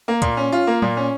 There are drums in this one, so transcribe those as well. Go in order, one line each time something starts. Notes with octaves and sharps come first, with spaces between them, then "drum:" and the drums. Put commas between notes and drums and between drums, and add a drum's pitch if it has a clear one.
A#3
A#2, drum: kick, hi-hat
C#4
F4
A#3
A#2, drum: tom
C#4